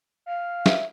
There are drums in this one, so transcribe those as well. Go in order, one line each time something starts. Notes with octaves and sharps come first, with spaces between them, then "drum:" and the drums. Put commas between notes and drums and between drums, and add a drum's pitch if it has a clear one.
F5
E5, drum: snare